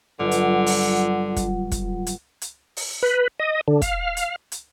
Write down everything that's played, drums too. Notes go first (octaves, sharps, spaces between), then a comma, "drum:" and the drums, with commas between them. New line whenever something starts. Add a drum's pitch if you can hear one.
G1 D3 F#3 F4 F#5
drum: hi-hat
drum: open hi-hat
drum: kick, hi-hat
drum: kick, hi-hat
drum: hi-hat
drum: hi-hat
drum: open hi-hat
B4
D#5
D3
F5, drum: kick, hi-hat
drum: hi-hat
drum: hi-hat